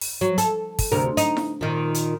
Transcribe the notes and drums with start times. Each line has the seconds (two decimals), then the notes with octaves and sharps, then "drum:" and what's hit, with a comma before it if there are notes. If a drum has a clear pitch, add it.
0.01 drum: open hi-hat
0.21 F#3
0.38 A4, drum: hi-hat
0.79 drum: kick, open hi-hat
0.92 D2 C3 A#4
1.17 D#4, drum: hi-hat
1.37 drum: snare E4
1.61 A#2 D#3
1.94 drum: hi-hat